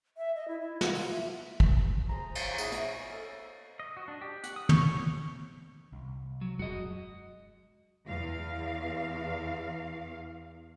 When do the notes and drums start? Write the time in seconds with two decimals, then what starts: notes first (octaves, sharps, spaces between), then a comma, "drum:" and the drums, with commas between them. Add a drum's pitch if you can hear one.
0.17 E5
0.35 D#5
0.48 E4
0.61 E4
0.81 F#5, drum: snare
0.95 F4, drum: open hi-hat
1.11 E5
1.60 drum: kick
2.09 F3 G#4 C5 A#5
2.35 drum: cymbal
2.58 A#2 E4 G#4 F#5, drum: tambourine
2.72 C#4 D#5, drum: hi-hat
3.13 A4
3.80 D#5
3.97 F#4
4.08 D4
4.21 G4
4.44 F#5, drum: hi-hat
4.56 D#6
4.69 C#6, drum: tom
4.85 C#5
5.92 C2
6.41 F#3
6.59 E1 F#2 G#3 F#4 D#5
8.07 E2 F5